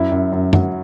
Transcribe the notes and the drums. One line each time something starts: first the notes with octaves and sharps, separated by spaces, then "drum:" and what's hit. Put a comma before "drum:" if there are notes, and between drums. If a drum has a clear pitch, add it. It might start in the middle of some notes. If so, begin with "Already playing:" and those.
Already playing: F#2 E4
F#2
F#2
F#3, drum: tom F#2